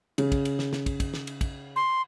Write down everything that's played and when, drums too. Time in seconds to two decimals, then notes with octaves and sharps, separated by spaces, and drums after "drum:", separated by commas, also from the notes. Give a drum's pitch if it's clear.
0.18 C#3, drum: cymbal
0.32 drum: kick, cymbal
0.45 drum: cymbal
0.59 drum: snare
0.73 drum: snare
0.86 drum: kick, cymbal
1.00 drum: kick, cymbal
1.14 drum: snare
1.27 drum: cymbal
1.41 drum: kick, cymbal
1.76 C6